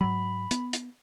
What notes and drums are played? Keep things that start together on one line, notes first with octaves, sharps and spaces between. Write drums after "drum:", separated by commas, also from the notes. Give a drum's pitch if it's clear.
G#2 F#3 B5
B3, drum: hi-hat
drum: hi-hat